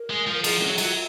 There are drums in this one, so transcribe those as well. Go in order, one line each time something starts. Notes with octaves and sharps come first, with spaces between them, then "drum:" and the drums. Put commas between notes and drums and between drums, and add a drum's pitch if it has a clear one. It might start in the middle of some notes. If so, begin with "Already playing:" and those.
Already playing: A#4
G#3
F3
A#4
F3 G#4, drum: cymbal
F#3, drum: snare
F#3, drum: cymbal
F4